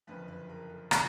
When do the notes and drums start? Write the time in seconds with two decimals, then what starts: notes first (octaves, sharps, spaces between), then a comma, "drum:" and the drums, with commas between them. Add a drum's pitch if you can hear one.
0.07 F#1 F2 D3 F3 B4
0.28 B4
0.49 A#4
0.70 A4
0.91 D3 G#4, drum: rim click